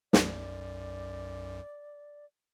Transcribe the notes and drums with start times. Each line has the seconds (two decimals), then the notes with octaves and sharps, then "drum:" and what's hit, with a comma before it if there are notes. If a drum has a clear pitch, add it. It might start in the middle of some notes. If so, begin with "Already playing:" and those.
0.13 B1 F#2 D5, drum: snare